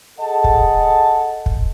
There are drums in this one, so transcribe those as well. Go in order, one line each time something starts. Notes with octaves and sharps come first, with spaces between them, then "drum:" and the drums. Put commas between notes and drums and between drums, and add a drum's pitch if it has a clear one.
G#4 A4 D#5 F#5 A5
drum: kick
drum: kick